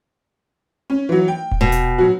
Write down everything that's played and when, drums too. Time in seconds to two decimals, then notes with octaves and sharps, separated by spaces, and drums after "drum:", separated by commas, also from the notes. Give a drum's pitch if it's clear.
0.90 C#4
1.09 E3 F#3
1.28 G5
1.51 drum: kick D#1
1.61 B2
1.72 drum: hi-hat
1.98 F#3 F#4